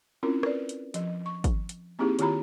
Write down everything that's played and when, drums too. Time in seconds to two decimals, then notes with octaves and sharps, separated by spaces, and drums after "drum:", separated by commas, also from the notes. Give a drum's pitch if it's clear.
0.23 C4 C#4 E4 F4 A#4
0.43 A#4 B4 D5, drum: rim click
0.69 drum: hi-hat
0.94 F3 D#5, drum: hi-hat
1.26 C#6
1.44 drum: kick, hi-hat
1.69 drum: hi-hat
1.99 A#3 C4 D#4 E4 G4 G#4
2.19 D#3 E4 F4 G4 A#5 B5, drum: hi-hat